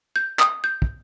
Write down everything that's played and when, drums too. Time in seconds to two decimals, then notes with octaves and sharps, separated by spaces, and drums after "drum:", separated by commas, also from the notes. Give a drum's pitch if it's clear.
0.16 G6
0.39 D#6, drum: clap
0.64 G6
0.82 drum: kick